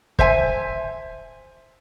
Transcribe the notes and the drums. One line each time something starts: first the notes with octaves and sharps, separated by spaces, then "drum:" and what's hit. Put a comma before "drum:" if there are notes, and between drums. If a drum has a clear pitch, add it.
C5 E5 G#5, drum: kick